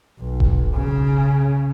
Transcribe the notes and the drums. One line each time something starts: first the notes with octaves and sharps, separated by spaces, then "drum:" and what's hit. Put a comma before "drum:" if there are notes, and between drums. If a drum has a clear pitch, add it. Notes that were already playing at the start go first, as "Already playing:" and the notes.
B1
drum: kick E1
C#3